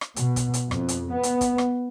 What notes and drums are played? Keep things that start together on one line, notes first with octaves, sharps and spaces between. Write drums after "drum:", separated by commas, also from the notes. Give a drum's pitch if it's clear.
drum: rim click
B2, drum: hi-hat
drum: kick, hi-hat
drum: hi-hat
F2, drum: rim click
drum: hi-hat
B3
drum: hi-hat
drum: kick, hi-hat
drum: rim click